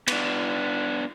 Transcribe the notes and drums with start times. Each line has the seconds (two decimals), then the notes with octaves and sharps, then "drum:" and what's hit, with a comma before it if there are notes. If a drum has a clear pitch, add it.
0.08 B3 D4, drum: cymbal